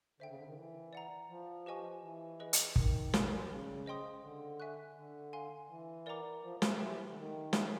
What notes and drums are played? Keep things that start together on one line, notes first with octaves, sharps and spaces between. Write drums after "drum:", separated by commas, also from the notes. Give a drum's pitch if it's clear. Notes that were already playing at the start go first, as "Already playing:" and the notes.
D3 C5 E5 G5
C#3
D3
D#3
E3
D5 F#5 A#5
F3
G4 B4 D#5 G#5 C#6
E3
G#4 B4 D#5
drum: hi-hat
D#3, drum: kick
D5 G5 B5, drum: snare
C#3
C5 D#5 G5 C6 D#6
D3
E5 G#5 C#6 F#6
D3
F5 G#5 C6
E3
A#4 D5 F#5 A#5 D6
F3
A3, drum: snare
E3 G4 B4 E5 G5
D3
D#3
C#5 E5 G#5, drum: snare